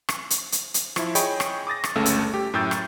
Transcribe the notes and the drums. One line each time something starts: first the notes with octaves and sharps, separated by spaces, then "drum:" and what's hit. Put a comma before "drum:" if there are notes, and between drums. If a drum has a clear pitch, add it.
drum: rim click
drum: hi-hat
drum: hi-hat
drum: hi-hat
F3 E4, drum: rim click
G#4 C#5 D#5 G5 B5 C#6, drum: hi-hat
drum: rim click
D6 D#6 A6 A#6
drum: rim click
G1 C#2 C#3 A3 E6
drum: hi-hat
G4
F#2 A2 G5 E6 G6 A6
drum: rim click